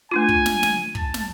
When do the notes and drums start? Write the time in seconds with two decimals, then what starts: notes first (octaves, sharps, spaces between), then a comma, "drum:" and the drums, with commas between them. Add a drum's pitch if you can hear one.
0.11 A3 D4 F4 G#5
0.29 drum: kick
0.46 drum: snare
0.63 drum: snare
0.95 A5, drum: kick
1.14 drum: snare